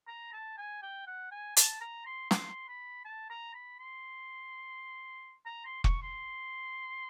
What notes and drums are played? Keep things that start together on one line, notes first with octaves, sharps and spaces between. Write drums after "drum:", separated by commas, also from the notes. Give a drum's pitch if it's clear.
A#5
A5
G#5
G5
F#5
G#5
A5, drum: hi-hat
A#5
C6
C6, drum: snare
B5
A5
A#5
B5
C6
A#5
C6
C#6, drum: kick
C6